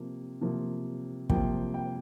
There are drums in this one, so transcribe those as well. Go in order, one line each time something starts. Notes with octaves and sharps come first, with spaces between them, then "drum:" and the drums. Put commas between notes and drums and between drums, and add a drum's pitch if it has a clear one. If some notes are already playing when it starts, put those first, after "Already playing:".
Already playing: C3 F3 A#3
C3 F3 A#3
C3 F3 A#3 G5, drum: kick
G5